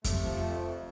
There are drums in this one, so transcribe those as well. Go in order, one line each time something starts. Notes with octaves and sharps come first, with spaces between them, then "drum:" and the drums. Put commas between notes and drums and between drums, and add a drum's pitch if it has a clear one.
C3 A3, drum: kick F2, hi-hat
F3
F2
F2